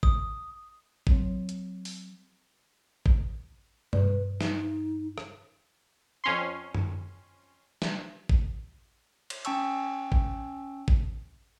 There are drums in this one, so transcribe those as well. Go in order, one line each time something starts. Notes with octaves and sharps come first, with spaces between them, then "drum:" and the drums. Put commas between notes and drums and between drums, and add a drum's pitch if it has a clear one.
D#6, drum: kick A1
F#3 C4 C#5, drum: kick A1
drum: hi-hat
drum: open hi-hat
drum: kick A1
G2 B4, drum: tom B2
D#4, drum: snare
drum: rim click
F2 C#4 C6
drum: tom F#2
drum: snare
drum: kick A1
drum: cymbal
C#4 G5 A5 C#6 E6, drum: hi-hat
drum: kick A1
drum: kick A1